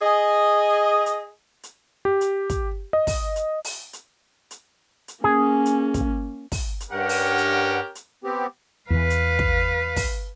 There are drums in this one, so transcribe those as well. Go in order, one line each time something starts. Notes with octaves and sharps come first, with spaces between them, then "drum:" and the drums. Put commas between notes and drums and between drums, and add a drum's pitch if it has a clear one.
G#4 D#5
drum: hi-hat
drum: hi-hat
G4
drum: hi-hat
drum: kick, hi-hat
D#5
drum: kick, open hi-hat
drum: hi-hat
drum: open hi-hat
drum: hi-hat
drum: hi-hat
drum: hi-hat
A#3 C#4 G#4
drum: hi-hat
drum: kick, hi-hat
drum: kick, open hi-hat
drum: hi-hat
G2 C#4 G4 A#4 F#5
drum: open hi-hat
drum: hi-hat
drum: hi-hat
B3 C4 G4
E2 E3 B4 F5
drum: hi-hat
drum: kick
drum: kick, open hi-hat